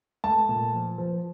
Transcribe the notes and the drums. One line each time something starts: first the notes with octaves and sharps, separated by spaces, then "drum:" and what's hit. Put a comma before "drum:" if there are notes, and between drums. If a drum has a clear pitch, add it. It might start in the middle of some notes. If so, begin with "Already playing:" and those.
A3 A5, drum: tom G#3
A#2
F3
F3